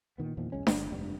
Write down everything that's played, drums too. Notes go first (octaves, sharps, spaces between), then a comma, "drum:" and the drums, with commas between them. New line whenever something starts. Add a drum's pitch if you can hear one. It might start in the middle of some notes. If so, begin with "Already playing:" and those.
A#2 D#3 B3
E2 A#2 D#3 F3
B1 E2 G#3 C#4
G1, drum: snare D4
F1 G2 D4